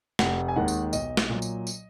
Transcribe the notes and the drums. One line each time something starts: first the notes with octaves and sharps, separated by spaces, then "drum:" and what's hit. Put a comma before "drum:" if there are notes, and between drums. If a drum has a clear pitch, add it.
F1 F#5, drum: snare
G#5
D#2 D#3 G#3 F#5
drum: tambourine
B1 D#5, drum: tambourine
drum: snare
A#2 F#3
drum: tambourine
drum: tambourine